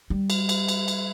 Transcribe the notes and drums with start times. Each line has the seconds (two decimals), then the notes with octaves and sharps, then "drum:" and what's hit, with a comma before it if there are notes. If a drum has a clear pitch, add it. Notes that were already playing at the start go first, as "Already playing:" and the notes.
0.10 G3
0.30 drum: cymbal
0.49 drum: cymbal
0.69 drum: cymbal
0.88 drum: cymbal